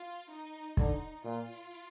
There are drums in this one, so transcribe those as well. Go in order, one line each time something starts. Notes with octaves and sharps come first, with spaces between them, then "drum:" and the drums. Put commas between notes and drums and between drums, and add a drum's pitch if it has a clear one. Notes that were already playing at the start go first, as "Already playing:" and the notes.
Already playing: F4
D#4
D3 D#4, drum: kick
A#2 F4